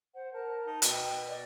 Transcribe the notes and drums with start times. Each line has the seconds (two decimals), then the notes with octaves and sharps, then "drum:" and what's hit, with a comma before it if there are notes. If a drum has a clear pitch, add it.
0.14 C5 F#5
0.33 A#4 A5
0.66 D#4
0.82 B2 G5, drum: hi-hat
1.27 D5 D#5